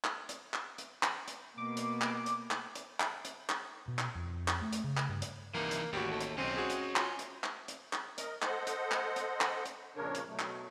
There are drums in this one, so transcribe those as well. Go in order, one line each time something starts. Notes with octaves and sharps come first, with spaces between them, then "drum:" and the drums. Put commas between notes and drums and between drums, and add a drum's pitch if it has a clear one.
drum: clap
drum: hi-hat
drum: clap
drum: hi-hat
drum: clap
drum: hi-hat
B2 A#3 D6
drum: hi-hat
drum: clap
drum: hi-hat
drum: clap
drum: hi-hat
drum: clap
drum: hi-hat
drum: clap
B2
drum: clap
F2
drum: clap
A3
drum: hi-hat
C#3
drum: clap
G2
drum: hi-hat
C2 E3 A#3 D#4
drum: hi-hat
A1 D#2 G3 F#4
A3
drum: hi-hat
B1 C4 C#4 D#5
F#4 G#4
drum: hi-hat
F4, drum: clap
drum: hi-hat
drum: clap
drum: hi-hat
drum: clap
A#4 D#5, drum: hi-hat
A4 C5 D#5 F#5, drum: clap
drum: hi-hat
drum: clap
drum: hi-hat
drum: clap
drum: hi-hat
F2 A#2 C#3 D4 A#4 C#5
drum: hi-hat
B2 F#3 A3
drum: clap